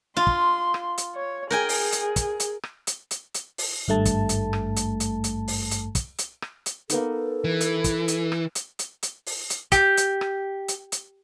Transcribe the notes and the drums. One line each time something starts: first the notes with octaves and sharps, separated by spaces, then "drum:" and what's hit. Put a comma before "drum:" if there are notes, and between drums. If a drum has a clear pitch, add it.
F4 C6
drum: kick
drum: rim click
drum: hi-hat
C#5
G#4 A#4 G5 G#5
drum: open hi-hat
drum: hi-hat
drum: kick, hi-hat
drum: hi-hat
drum: rim click
drum: hi-hat
drum: hi-hat
drum: hi-hat
drum: open hi-hat
G#1 G2 A3 A5
drum: kick, hi-hat
drum: hi-hat
drum: rim click
drum: hi-hat
drum: hi-hat
drum: hi-hat
drum: open hi-hat
drum: hi-hat
drum: kick, hi-hat
drum: hi-hat
drum: rim click
drum: hi-hat
A#3 B3 D#4 A4, drum: hi-hat
E3
drum: hi-hat
drum: kick, hi-hat
drum: hi-hat
drum: rim click
drum: hi-hat
drum: hi-hat
drum: hi-hat
drum: open hi-hat
drum: hi-hat
G4, drum: kick, hi-hat
drum: hi-hat
drum: rim click
drum: hi-hat
drum: hi-hat